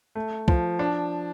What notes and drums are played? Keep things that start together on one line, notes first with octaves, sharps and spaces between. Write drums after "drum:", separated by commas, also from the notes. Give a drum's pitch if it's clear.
A3
F3, drum: kick
D4